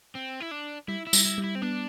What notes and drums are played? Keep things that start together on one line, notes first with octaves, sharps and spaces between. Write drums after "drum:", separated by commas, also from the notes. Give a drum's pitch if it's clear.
C4
E4
D4
G3 E4
E4
G3, drum: tambourine
E4
G3
E4
C4
B3 D4